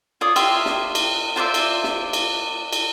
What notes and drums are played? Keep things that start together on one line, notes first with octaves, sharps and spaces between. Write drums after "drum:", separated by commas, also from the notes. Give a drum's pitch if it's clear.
F4 C#5 D5 D#6
G4 E5 F5 C6, drum: cymbal
drum: snare
drum: cymbal
F4 C5 D5 E5
drum: cymbal
drum: snare
drum: cymbal
drum: cymbal